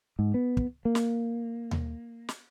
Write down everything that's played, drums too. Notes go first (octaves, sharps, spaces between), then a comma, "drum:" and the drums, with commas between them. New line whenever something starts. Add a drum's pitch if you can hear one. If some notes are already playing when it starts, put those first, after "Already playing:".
G#2
B3
drum: kick
A#3
drum: snare
drum: tom D#2
drum: snare